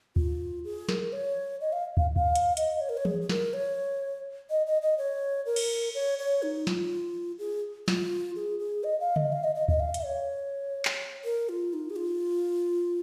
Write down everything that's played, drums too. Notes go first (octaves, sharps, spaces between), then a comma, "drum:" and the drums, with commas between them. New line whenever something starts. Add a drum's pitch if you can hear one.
F4, drum: kick
G#4
A#4, drum: snare
C#5
D#5
F5
F5, drum: kick
F5, drum: kick
drum: hi-hat
D#5, drum: hi-hat
C#5
A#4
C#5
G#4, drum: tom E3
G#4
A#4, drum: snare
C#5
D#5
D#5
D#5
C#5
A#4
drum: cymbal
C#5
C#5
D#4
F4, drum: snare
G#4
F4, drum: snare
G#4
G#4
D#5
F5
D#5, drum: tom C#3
F5
D#5
D#5
D#5, drum: kick
F5
drum: hi-hat
C#5
drum: clap
A#4
F4
D#4
G#4
F4